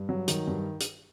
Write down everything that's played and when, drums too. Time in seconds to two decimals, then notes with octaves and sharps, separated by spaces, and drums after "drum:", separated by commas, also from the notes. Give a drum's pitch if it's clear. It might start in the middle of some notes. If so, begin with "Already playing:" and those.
Already playing: G2
0.09 F#3
0.28 D#3, drum: hi-hat
0.47 G2
0.80 drum: hi-hat